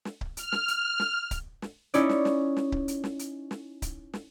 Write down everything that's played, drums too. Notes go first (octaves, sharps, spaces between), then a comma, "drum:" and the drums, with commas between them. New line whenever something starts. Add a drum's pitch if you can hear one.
drum: snare
drum: kick C#1
F6, drum: hi-hat
drum: snare
drum: hi-hat
drum: snare
drum: kick C#1, hi-hat
drum: snare
C#4 D#4 E4 C#5 D5, drum: hi-hat
drum: snare
drum: snare
drum: snare
drum: kick C#1
drum: hi-hat
drum: snare
drum: hi-hat
drum: snare
drum: kick C#1, hi-hat
drum: snare